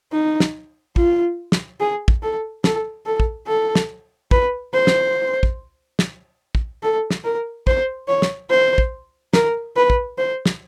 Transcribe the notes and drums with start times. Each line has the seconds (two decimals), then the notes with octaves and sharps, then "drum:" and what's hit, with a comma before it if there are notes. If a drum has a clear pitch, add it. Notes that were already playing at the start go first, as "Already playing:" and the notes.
0.12 D#4
0.40 drum: snare
0.96 F4, drum: kick
1.52 drum: snare
1.80 G#4
2.08 drum: kick
2.22 A4
2.64 A4, drum: snare
3.06 A4
3.20 drum: kick
3.47 A4
3.75 drum: snare
4.31 B4, drum: kick
4.74 C5
4.87 drum: snare
5.43 drum: kick
5.99 drum: snare
6.55 drum: kick
6.83 A4
7.10 drum: snare
7.24 A#4
7.67 C5, drum: kick
8.08 C#5
8.22 drum: snare
8.50 C5
8.78 drum: kick
9.34 A#4, drum: snare
9.76 B4
9.90 drum: kick
10.18 C5
10.46 drum: snare